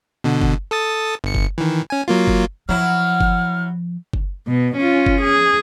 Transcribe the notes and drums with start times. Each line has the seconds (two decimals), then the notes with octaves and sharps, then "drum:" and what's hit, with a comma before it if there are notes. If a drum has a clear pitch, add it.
0.24 B2 D3
0.42 drum: kick F#1
0.71 A4 D#6 A6
1.24 G1 C#7
1.35 drum: kick F#1
1.58 D#3 E3
1.90 C#4 G#5
2.08 F#3 A#3 F4
2.28 drum: kick F#1
2.69 F3 F#3 E4 F6
3.20 drum: kick F#1
4.13 drum: kick F#1
4.47 B2
4.77 C#4 F4
5.06 drum: kick F#1
5.21 G#4